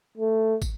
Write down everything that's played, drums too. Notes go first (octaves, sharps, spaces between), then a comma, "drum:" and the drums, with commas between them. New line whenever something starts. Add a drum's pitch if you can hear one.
A3
drum: kick, tambourine